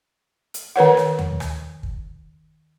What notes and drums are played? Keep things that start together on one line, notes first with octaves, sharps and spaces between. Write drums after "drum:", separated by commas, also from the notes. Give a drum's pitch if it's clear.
drum: hi-hat
D#3 B4 C#5 F#5
drum: rim click
drum: tom D#2
drum: rim click
drum: kick